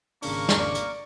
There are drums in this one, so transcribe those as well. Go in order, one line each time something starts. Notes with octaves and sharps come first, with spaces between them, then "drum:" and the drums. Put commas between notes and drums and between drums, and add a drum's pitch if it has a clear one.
G#1 C#3 A#3 D4 A#4 C#6, drum: open hi-hat
drum: snare
D5
drum: hi-hat